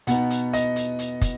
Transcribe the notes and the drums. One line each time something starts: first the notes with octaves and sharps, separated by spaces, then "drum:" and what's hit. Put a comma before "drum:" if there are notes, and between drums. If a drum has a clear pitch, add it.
B2 B3 D#4 F#5, drum: hi-hat
drum: hi-hat
D#5, drum: hi-hat
drum: hi-hat
drum: hi-hat
drum: kick, hi-hat